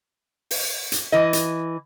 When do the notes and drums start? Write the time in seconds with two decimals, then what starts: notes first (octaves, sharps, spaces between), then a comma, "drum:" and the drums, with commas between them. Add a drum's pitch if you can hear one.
0.51 drum: open hi-hat
0.92 drum: hi-hat
1.12 E3 D#5
1.33 drum: hi-hat